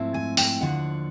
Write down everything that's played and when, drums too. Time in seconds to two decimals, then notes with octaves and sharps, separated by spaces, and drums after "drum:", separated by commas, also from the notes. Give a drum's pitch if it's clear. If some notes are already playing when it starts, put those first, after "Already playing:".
Already playing: G#2 F3 A3 C4 E4
0.14 G#5
0.37 G5, drum: open hi-hat
0.61 D#2 D3 F3 F#5